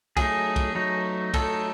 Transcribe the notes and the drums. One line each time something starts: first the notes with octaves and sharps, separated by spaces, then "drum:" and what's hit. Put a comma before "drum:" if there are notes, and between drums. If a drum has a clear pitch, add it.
F#3 A3 D#4 G#4, drum: kick, cymbal
drum: kick, cymbal
F#3 A3 D#4
F#3 A3 D#4 A4, drum: kick, cymbal